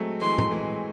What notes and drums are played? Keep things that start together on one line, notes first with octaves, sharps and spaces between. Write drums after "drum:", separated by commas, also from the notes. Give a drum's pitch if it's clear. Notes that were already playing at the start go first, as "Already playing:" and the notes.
Already playing: F#3 G#3 A3 C4
E3 G#3 C6
drum: tom A2
E3 G#3